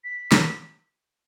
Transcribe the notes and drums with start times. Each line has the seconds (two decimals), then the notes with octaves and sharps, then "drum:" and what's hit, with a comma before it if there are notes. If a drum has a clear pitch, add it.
0.04 B6
0.32 drum: snare